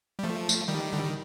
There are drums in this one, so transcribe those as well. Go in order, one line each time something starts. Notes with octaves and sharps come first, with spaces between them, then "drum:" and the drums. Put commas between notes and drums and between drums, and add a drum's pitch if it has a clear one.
G3
F3 A3
drum: tambourine
D#3 G3
D3
D#3